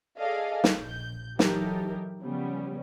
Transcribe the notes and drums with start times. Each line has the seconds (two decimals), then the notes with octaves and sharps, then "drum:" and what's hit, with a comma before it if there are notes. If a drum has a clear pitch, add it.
0.18 G#4 A4 D5 D#5 F5
0.64 drum: snare
0.79 A#1 G6
1.39 E3 F#3 D#4 G4 A4 A#4, drum: snare
2.23 C#3 F3 G3 B3 C#4